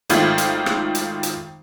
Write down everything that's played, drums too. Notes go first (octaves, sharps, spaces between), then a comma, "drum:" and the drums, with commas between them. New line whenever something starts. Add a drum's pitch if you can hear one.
G#1 D#3 A3 F4 G#6, drum: hi-hat
drum: hi-hat
drum: rim click
drum: hi-hat
drum: hi-hat